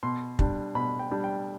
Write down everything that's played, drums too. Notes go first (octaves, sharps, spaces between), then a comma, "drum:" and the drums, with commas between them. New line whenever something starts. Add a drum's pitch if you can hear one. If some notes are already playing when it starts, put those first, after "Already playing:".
B2 C6
G3 D4, drum: kick
B2 B5
G5
G3 D4
G5